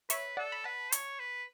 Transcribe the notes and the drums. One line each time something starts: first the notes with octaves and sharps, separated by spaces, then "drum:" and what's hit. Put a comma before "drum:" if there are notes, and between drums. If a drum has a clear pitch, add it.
B4 C#5 E5, drum: hi-hat
A4 D5 F#5
B5
B4 F#5 A5
C#5, drum: hi-hat
B4